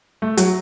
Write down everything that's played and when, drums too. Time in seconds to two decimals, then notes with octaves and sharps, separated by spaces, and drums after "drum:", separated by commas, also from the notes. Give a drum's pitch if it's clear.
0.22 A3
0.37 F#3, drum: hi-hat